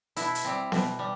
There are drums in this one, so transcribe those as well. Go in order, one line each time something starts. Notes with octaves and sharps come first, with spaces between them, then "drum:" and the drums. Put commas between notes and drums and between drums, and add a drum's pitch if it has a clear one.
B2 E4, drum: hi-hat
drum: hi-hat
G3 C4
B2, drum: snare B3
G3